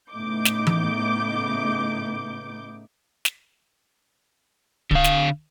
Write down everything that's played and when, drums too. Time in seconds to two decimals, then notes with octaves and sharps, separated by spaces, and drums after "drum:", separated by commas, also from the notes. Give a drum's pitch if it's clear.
0.11 A2 C#3 B3 D#4 D6 G6
0.45 drum: snare
0.67 drum: tom E3
3.25 drum: snare
4.91 D3 F5, drum: kick D1
5.04 drum: snare